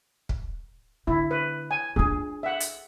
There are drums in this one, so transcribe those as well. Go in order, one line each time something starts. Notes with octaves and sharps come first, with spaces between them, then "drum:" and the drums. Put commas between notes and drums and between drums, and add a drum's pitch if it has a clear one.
drum: kick
D3 E4
B4
G#5
D4 F4 G#4
E5 F#5
drum: hi-hat